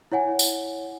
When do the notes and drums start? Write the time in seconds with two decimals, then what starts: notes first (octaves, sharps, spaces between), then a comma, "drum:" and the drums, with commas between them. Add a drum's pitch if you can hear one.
0.12 E4 C#5 F#5 G#5
0.39 drum: tambourine